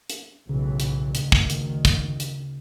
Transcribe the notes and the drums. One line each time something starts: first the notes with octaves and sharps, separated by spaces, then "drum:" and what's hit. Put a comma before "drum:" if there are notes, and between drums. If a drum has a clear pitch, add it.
drum: hi-hat
B1 A2 C#3 E3
drum: hi-hat
D2 D#3, drum: hi-hat
drum: kick
drum: hi-hat
drum: kick, hi-hat
drum: hi-hat